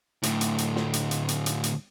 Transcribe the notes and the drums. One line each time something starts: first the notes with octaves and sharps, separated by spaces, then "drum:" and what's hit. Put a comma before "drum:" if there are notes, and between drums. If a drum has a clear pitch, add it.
D2 A2, drum: hi-hat
drum: hi-hat
drum: hi-hat
drum: snare
drum: hi-hat
drum: hi-hat
drum: hi-hat
drum: hi-hat
drum: hi-hat